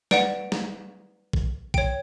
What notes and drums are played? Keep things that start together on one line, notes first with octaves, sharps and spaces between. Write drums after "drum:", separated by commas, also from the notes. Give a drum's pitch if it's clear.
B4 D5 F#5 D7, drum: snare
drum: snare
drum: kick A1
C#5 G5 D7, drum: kick A1